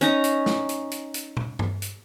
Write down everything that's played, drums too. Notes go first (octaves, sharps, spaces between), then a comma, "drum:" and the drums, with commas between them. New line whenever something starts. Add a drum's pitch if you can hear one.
C#4 D#4 A#5, drum: hi-hat
drum: hi-hat
drum: snare
drum: hi-hat
drum: hi-hat
drum: hi-hat
drum: tom
drum: tom G2
drum: hi-hat